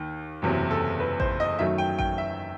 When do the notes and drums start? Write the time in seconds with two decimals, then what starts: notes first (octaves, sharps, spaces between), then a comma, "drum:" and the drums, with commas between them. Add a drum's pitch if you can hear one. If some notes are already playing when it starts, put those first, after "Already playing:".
Already playing: D#2 D#3
0.42 F#1 E2 C3 F#3
0.71 A4
1.00 B4
1.20 C5, drum: kick A1
1.40 D#5
1.59 F#2 D#3 F#3 A3 E5
1.78 G5
1.99 G5, drum: kick A1
2.18 E5